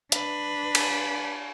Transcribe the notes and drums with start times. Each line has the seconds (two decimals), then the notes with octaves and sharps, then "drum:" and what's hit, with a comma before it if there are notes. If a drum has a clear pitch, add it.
0.12 D4 B4, drum: hi-hat
0.75 drum: cymbal